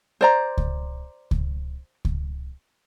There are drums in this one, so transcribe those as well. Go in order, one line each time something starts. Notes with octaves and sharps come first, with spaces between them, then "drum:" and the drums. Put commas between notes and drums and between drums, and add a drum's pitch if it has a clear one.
C5 D5 A#5
drum: kick C#2
drum: kick C#2
drum: kick C#2